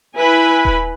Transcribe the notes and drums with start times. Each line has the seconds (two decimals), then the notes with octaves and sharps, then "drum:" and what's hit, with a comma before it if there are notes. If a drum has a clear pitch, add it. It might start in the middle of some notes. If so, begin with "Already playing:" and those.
0.18 E4 B4 G#5 B5
0.65 drum: kick D#1